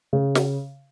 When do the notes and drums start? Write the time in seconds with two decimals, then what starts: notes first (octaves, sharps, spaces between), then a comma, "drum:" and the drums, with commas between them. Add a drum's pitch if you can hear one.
0.13 C#3
0.35 drum: snare